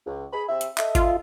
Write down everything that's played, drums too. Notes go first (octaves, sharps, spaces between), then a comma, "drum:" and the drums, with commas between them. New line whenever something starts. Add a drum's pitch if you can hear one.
C#2
G#4 B5
C3 C4 E5
drum: hi-hat
A4 D#5 E5, drum: clap
F4, drum: kick G1, hi-hat